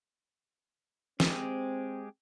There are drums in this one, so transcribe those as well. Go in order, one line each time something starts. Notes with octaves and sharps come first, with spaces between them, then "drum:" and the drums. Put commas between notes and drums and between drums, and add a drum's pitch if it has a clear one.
G#3 C4 G4 G#4, drum: snare